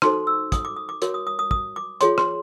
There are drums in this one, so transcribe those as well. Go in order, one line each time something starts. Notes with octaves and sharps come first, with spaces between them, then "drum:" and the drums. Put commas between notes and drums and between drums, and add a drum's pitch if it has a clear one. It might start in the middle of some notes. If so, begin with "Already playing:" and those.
D#4 F#4 A4 C5 C6, drum: rim click
E6
D#6, drum: kick, hi-hat
D6
D#6
D6
F#4 A#4 C#5, drum: hi-hat
D#6
D#6
D#6
D#6, drum: kick
D6
F4 G#4 C#5 C6, drum: hi-hat
C6, drum: rim click